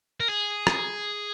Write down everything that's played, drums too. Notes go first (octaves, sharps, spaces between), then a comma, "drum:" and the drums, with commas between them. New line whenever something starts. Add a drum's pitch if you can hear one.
A#4
G#4
drum: rim click